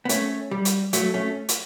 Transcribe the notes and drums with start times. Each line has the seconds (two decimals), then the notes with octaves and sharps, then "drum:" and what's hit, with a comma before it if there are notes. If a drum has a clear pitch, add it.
0.05 B3
0.09 A3 C#4, drum: hi-hat
0.51 G3
0.65 drum: hi-hat
0.93 F#3 A3, drum: hi-hat
1.14 A3 C#4
1.49 drum: hi-hat